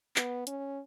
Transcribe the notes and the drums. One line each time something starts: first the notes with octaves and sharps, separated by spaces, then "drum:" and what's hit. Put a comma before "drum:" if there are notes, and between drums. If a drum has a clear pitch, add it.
B3, drum: clap
C#4, drum: hi-hat